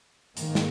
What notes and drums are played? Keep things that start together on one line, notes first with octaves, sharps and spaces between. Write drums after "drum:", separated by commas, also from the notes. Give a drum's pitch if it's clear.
G#2 D#3 A#3, drum: hi-hat
drum: snare